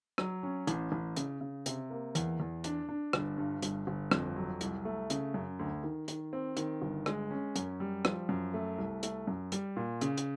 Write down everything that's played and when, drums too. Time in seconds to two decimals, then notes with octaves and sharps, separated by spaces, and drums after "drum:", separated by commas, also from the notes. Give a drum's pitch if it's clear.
0.18 F#3, drum: rim click
0.43 C#4
0.67 A1, drum: hi-hat
0.92 A1
1.16 C#3, drum: hi-hat
1.41 C#3
1.66 C3, drum: hi-hat
1.90 A#3
2.15 E2, drum: hi-hat
2.40 E2
2.64 D4, drum: hi-hat
2.89 D4
3.13 G1, drum: rim click
3.38 G2
3.63 G1, drum: hi-hat
3.87 G1
4.11 F2, drum: rim click
4.36 F#3
4.61 C2, drum: hi-hat
4.85 A3
5.10 C#3, drum: hi-hat
5.34 F#2
5.59 D2
5.83 D#3
6.08 D#3, drum: hi-hat
6.33 C4
6.57 D#3, drum: hi-hat
6.82 G1
7.06 G#3, drum: rim click
7.31 C#4
7.56 F#2, drum: hi-hat
7.80 G3
8.05 F3, drum: rim click
8.29 F#2
8.54 A3
8.78 C2
9.03 A3, drum: hi-hat
9.27 F#2
9.52 G3, drum: hi-hat
9.76 A#2
10.01 C#3, drum: hi-hat
10.17 drum: hi-hat